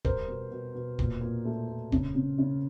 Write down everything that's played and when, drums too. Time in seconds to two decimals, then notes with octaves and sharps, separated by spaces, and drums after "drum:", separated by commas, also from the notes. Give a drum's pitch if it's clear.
0.05 G3 A#4 C5, drum: kick
0.28 B2
0.51 B2
0.75 B2
0.99 A#2, drum: kick
1.21 A#2
1.45 A3
1.68 A#2
1.92 C#3, drum: kick
2.15 C#3
2.39 C#3